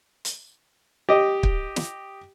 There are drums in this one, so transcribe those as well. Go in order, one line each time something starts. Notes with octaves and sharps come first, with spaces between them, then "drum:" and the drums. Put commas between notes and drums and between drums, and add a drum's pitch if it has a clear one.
drum: hi-hat
G4 D#5
drum: kick
drum: snare